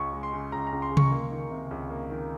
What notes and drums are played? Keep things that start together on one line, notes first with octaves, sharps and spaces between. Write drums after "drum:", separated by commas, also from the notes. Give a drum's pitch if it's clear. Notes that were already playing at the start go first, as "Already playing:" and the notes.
Already playing: C#2 C#6
G#3
C6
C#3
C#2 A#5
A#5
C#2
C6
G#3
C#6, drum: tom C3
A#3
D#3
C3
C#2
A#3
D#3